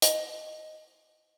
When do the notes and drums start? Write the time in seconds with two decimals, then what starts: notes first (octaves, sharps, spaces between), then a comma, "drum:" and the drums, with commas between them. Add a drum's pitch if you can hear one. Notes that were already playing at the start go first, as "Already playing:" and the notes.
0.02 D#5, drum: hi-hat